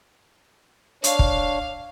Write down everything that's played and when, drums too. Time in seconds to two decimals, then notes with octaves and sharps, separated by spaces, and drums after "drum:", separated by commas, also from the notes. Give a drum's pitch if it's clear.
1.04 D4 C#5 F5, drum: hi-hat
1.19 drum: kick